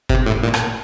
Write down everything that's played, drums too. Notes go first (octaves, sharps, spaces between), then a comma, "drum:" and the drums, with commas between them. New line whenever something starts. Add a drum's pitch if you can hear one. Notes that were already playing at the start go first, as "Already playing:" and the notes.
C3, drum: kick
A2
A#2
drum: rim click